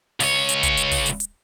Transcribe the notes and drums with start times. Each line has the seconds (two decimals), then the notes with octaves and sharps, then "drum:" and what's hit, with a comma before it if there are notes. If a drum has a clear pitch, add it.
0.20 C#2 C#5, drum: open hi-hat
0.49 drum: hi-hat
0.63 drum: kick, hi-hat
0.77 drum: hi-hat
0.91 drum: kick, open hi-hat
1.06 drum: hi-hat
1.20 drum: hi-hat